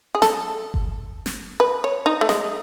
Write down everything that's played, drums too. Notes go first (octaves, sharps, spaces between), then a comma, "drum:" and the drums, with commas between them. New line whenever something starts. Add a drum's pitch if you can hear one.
G#4
A4, drum: snare
drum: kick G1
drum: snare
B4
C#5
D#4
A3
G#3, drum: snare